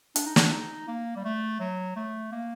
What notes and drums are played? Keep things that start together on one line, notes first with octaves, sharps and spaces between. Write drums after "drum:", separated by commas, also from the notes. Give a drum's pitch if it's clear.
D4, drum: hi-hat
D#4
D4, drum: snare
D#4
A#3
G3
A3
F#3
A3
A#3